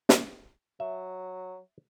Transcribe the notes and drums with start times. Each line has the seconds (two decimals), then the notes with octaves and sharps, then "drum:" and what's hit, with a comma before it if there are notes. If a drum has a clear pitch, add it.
0.09 drum: snare
0.80 F#3 E5